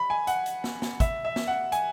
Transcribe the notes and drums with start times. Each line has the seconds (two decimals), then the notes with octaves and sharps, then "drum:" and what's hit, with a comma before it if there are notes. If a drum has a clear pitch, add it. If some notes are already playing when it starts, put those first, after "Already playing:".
Already playing: B5
0.10 G#5
0.27 F#5, drum: hi-hat
0.46 drum: hi-hat
0.64 drum: snare
0.82 drum: snare
1.00 E5, drum: kick, hi-hat
1.25 E5
1.36 drum: snare
1.47 F#5
1.72 G#5, drum: hi-hat